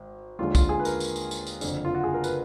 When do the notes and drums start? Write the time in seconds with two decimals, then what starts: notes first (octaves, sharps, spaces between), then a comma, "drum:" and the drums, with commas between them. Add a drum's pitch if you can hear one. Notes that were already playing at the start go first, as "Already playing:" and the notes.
Already playing: G#1
0.39 D#2 D3 G#3 F4
0.55 F4, drum: kick, tambourine
0.69 G#4
0.80 B4
0.85 A#4, drum: tambourine
1.00 drum: tambourine
1.16 drum: tambourine
1.31 drum: tambourine
1.47 drum: tambourine
1.61 F#1 F2 D3, drum: tambourine
1.85 F4
1.95 F#4
2.04 G#4
2.14 A#4
2.24 B4, drum: tambourine